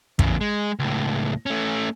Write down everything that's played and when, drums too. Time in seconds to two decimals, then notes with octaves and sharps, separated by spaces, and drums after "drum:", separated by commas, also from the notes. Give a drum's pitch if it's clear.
0.19 E2 C#3, drum: kick
0.41 G#3
0.79 C#2 A2
1.46 A3 C#4